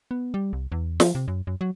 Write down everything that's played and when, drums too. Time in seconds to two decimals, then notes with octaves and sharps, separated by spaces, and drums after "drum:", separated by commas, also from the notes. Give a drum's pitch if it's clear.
0.11 B3
0.34 G3
0.53 C2
0.72 E2
1.00 F3, drum: snare
1.15 C3
1.28 F#2
1.47 F#2
1.61 F#3